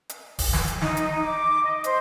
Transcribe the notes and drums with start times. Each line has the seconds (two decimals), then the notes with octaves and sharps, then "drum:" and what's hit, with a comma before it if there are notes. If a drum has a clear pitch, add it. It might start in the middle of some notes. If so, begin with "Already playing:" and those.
0.09 drum: hi-hat
0.39 drum: kick D1, open hi-hat
0.53 drum: snare
0.68 drum: hi-hat
0.81 D#4, drum: snare
0.97 drum: hi-hat
1.21 D6
1.63 D#5
1.84 C5, drum: hi-hat